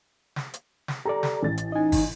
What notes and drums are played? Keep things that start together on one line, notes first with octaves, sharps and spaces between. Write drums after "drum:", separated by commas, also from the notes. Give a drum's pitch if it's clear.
drum: snare
drum: hi-hat
drum: snare
G4 A4 D5 A#5
drum: snare
A1 A6
drum: hi-hat
D#4 D#5 G#5
drum: kick, open hi-hat